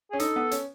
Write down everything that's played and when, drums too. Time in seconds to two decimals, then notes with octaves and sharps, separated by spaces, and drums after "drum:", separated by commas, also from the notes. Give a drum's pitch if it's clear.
0.11 C#4 G#4
0.20 D#4 A4, drum: hi-hat
0.36 B3
0.51 C#4, drum: hi-hat